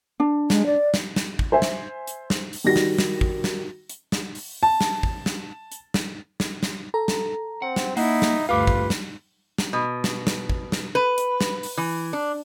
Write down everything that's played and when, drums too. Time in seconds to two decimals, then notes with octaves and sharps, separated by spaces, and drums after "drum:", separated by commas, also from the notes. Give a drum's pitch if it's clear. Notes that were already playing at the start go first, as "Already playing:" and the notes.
0.20 D4
0.50 G#3, drum: snare
0.66 D5
0.94 drum: snare
1.16 drum: snare
1.39 drum: kick
1.52 C5 E5 G#5
1.62 drum: snare
2.07 drum: hi-hat
2.30 drum: snare
2.53 drum: open hi-hat
2.64 D#3 G3 F#4 A#6
2.76 drum: snare
2.98 drum: snare
3.21 drum: kick
3.44 drum: snare
3.90 drum: hi-hat
4.12 drum: snare
4.35 drum: open hi-hat
4.63 A5
4.81 drum: snare
5.03 drum: kick
5.26 drum: snare
5.72 drum: hi-hat
5.94 drum: snare
6.40 drum: snare
6.63 drum: snare
6.94 A4 A#5
7.08 drum: snare
7.62 C4 F#5
7.76 drum: snare
7.97 A#3 D#4 E4 F#5, drum: open hi-hat
8.22 drum: snare
8.49 D2 G2 F4 G4 B4 F5 D6
8.67 drum: kick
8.90 drum: snare
9.58 drum: snare
9.73 B2
10.04 drum: snare
10.27 drum: snare
10.49 drum: kick
10.72 drum: snare
10.95 B4
11.18 drum: hi-hat
11.41 drum: snare
11.63 drum: open hi-hat
11.78 E3
12.13 D4